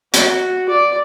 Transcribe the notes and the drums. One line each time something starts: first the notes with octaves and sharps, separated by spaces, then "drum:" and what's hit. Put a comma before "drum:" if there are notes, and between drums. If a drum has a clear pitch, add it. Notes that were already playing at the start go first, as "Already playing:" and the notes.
F#4, drum: hi-hat
D5